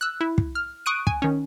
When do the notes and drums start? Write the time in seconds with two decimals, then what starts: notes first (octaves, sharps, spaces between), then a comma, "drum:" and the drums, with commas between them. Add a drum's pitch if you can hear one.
0.01 E6 F#6
0.21 E4
0.38 drum: kick
0.55 F6
0.86 C#6 D#6 F#6 D7 D#7
1.07 G#5, drum: kick
1.22 D#3 C#4